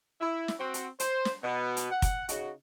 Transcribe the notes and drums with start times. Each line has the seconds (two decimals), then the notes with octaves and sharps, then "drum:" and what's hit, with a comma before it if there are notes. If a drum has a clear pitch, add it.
0.21 E4
0.48 drum: snare
0.58 C4 F#4
0.74 drum: hi-hat
1.00 C5, drum: hi-hat
1.25 drum: snare
1.42 B2 B3
1.77 drum: hi-hat
1.91 F#5
2.02 drum: kick, hi-hat
2.29 C#3 D#4 F#4, drum: hi-hat